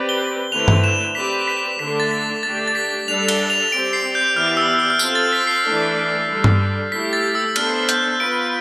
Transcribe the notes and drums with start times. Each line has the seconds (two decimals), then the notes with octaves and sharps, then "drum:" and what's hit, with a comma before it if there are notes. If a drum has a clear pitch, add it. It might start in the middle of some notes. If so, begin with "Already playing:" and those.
Already playing: C4 G4 B4 D5
0.09 G7
0.51 D3 A3 C4 E4 B4 F7
0.68 drum: tom G2
0.84 E7
1.15 C4 G4 B4 D5 B6
1.48 B6
1.79 D3 A3 D4 B6
2.00 A6
2.11 B6
2.43 A3 D4 G4 A6
2.68 A6
2.75 B6
3.08 G3 D4 A4 D5 F7
3.28 G7, drum: cymbal
3.50 F7
3.72 C4 G4 D5 D7
3.93 C7
4.15 G6
4.35 E3 B3 E4 G4 D5 F6
4.57 E6
4.73 E6
4.79 F6
4.90 F6
4.99 C4 F4 A4 C5 G6, drum: tambourine
5.15 A6
5.32 B6
5.47 C7
5.65 E3 A3 D4 A4 D5
6.28 D3 G3 D4 A4
6.44 drum: tom G2
6.92 A3 E4 G4 B6
7.13 A6
7.35 E6
7.56 B3 D4 A4 C5 F6, drum: cymbal
7.89 G6, drum: hi-hat
8.20 B3 F4 B4 D7